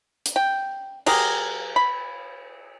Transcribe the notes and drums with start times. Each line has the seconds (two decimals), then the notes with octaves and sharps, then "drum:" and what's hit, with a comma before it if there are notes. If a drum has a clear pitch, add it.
0.26 drum: hi-hat
0.36 G5
1.06 F#3 G4 G#4 A#4, drum: cymbal
1.76 B5